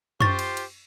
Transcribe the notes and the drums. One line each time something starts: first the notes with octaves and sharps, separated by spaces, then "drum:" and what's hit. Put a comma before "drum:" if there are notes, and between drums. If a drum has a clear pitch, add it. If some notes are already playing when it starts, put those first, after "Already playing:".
F4 G4 C5 C#6 A6, drum: tom F#2
drum: cymbal
drum: cymbal